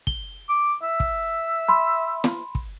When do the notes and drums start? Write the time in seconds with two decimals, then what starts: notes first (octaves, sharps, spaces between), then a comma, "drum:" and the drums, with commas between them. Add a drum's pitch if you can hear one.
0.07 G7, drum: kick
0.49 D6
0.83 E5
1.00 drum: kick
1.68 B5 C6
2.24 drum: snare
2.55 drum: kick